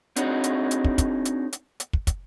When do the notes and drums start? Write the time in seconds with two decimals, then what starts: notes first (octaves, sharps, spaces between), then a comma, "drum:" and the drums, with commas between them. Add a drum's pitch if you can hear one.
0.16 C4 D4 D#4 F#4 G#4 C#5, drum: hi-hat
0.44 drum: hi-hat
0.71 drum: hi-hat
0.84 drum: kick
0.98 drum: kick, hi-hat
1.25 drum: hi-hat
1.53 drum: hi-hat
1.80 drum: hi-hat
1.93 drum: kick
2.07 drum: kick, hi-hat